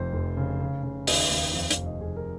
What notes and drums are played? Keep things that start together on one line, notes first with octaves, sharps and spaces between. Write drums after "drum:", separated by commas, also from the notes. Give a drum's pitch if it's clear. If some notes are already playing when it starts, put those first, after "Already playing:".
Already playing: F1 F2 C5
F1
C#3
C#3
C#3
D#2 D#5, drum: open hi-hat
D#2
F2 F5
F5, drum: hi-hat
F1
D#5
F1 G#4
A#4